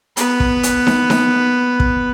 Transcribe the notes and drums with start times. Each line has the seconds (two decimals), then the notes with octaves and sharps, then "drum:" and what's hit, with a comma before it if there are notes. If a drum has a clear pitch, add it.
0.17 B3 B4, drum: hi-hat
0.40 drum: kick
0.63 drum: hi-hat
0.87 drum: snare D#4
1.10 drum: snare D#4
1.80 drum: kick